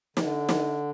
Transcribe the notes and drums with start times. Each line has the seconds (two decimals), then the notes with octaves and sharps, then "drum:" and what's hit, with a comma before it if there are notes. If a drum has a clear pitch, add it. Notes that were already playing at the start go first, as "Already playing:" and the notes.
0.17 D3, drum: snare
0.49 drum: snare